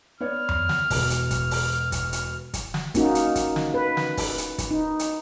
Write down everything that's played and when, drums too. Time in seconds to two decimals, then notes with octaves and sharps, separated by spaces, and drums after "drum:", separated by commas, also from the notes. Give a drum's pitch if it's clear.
0.20 B3 C#5 D5 F6
0.49 drum: tom F2
0.69 drum: snare
0.90 E1 B2, drum: kick, open hi-hat
1.10 drum: hi-hat
1.31 drum: kick, hi-hat
1.51 drum: open hi-hat
1.92 drum: kick, hi-hat
2.13 drum: hi-hat
2.54 drum: kick, hi-hat
2.74 drum: snare
2.95 A#3 C#4 D#4 F#4, drum: kick, hi-hat
3.15 drum: hi-hat
3.35 drum: kick, hi-hat
3.56 drum: snare
3.74 B4
3.97 drum: snare
4.17 drum: kick, open hi-hat
4.38 drum: hi-hat
4.58 drum: kick, hi-hat
4.71 D#4
4.99 drum: hi-hat